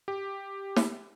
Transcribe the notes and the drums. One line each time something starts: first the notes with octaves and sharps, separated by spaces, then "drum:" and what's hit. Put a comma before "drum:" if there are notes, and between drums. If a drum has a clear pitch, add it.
G4
drum: snare